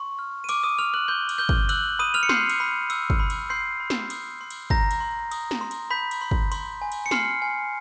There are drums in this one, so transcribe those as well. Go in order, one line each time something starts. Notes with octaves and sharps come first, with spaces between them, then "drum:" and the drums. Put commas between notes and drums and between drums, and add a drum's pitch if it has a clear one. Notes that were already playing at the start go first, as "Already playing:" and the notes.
Already playing: C6 C#6
F6
D#7
D6 F6 D7, drum: cymbal
D#6 D#7
C6 F6 F7
F#6 F#7
C6 G6 G7
drum: cymbal
F6 G6 G7
drum: kick
E6 F#6 F#7, drum: cymbal
B5 D#6 D#7
F6 F7
C#7
C6 G6 C7, drum: snare
drum: cymbal
B5
E6, drum: cymbal
drum: kick
B5
drum: cymbal
C6 G6 C7
B5
drum: snare
D#6, drum: cymbal
C6
drum: cymbal
A#5 G6 A#6, drum: kick
drum: cymbal
C6
D#6, drum: cymbal
drum: snare
C6
drum: cymbal
B5 G6 B6
drum: cymbal
C6
drum: kick
C6, drum: cymbal
G#5
drum: cymbal
C#7
C6 F6 C7, drum: snare
G#5